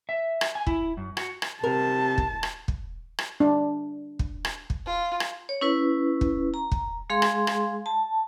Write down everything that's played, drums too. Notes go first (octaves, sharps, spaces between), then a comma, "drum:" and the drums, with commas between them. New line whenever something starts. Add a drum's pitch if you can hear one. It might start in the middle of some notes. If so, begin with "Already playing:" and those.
E5
drum: rim click
G#5
E4, drum: kick
F#2
F#4, drum: rim click
drum: rim click
C3 A#4 A5
drum: kick
drum: rim click
drum: kick
drum: rim click
D4
drum: kick
drum: rim click
drum: kick
F4
drum: rim click
C#5
C#4 E4 B4
drum: kick
A#5
drum: kick
G#3 G#4 F5 C6
drum: rim click
drum: rim click
A5